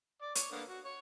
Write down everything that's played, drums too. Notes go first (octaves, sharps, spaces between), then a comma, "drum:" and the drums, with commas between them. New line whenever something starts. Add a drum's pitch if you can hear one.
D5
C#5, drum: hi-hat
D3 A#3 B3
F#4
C#5